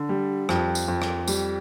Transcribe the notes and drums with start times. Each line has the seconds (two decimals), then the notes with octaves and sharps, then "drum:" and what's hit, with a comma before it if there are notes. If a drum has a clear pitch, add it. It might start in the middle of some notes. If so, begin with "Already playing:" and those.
Already playing: D3
0.09 G3
0.49 F2, drum: rim click
0.75 drum: tambourine
0.88 F2
1.02 drum: rim click
1.28 G3, drum: tambourine